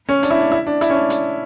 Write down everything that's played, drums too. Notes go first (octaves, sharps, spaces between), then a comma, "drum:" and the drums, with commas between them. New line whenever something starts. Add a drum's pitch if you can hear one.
C#4
D4, drum: hi-hat
E4
D4
E4
D4
E4, drum: hi-hat
C#4
D4
drum: hi-hat